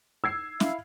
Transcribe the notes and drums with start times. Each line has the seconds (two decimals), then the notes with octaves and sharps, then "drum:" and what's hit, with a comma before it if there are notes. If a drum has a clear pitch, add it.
0.24 E6 G#6 C7
0.60 E4 F5, drum: snare